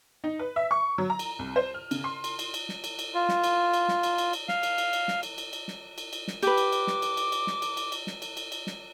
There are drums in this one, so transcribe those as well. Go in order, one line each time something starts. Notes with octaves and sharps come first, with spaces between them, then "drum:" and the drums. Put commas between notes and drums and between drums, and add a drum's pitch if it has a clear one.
D#4
B4
E5
C#6
F#3
A#5
drum: cymbal
C2
C5
F6
C#3, drum: cymbal
C6
drum: cymbal
drum: cymbal
drum: cymbal
drum: snare
drum: cymbal
drum: cymbal
F4
drum: snare
drum: cymbal
drum: cymbal
drum: snare
drum: cymbal
drum: cymbal
drum: cymbal
F5, drum: snare
drum: cymbal
drum: cymbal
drum: cymbal
drum: snare
drum: cymbal
drum: cymbal
drum: cymbal
drum: snare
drum: cymbal
drum: cymbal
drum: snare
G4 B4 D6, drum: cymbal
drum: cymbal
drum: cymbal
drum: snare
drum: cymbal
drum: cymbal
drum: cymbal
drum: snare
drum: cymbal
drum: cymbal
drum: cymbal
drum: snare
drum: cymbal
drum: cymbal
drum: cymbal
drum: snare